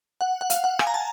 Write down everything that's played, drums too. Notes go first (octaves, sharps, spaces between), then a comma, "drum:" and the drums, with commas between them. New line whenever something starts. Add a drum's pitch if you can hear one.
F#5
F#5
F5, drum: hi-hat
F#5
G#5, drum: rim click
A#5
A5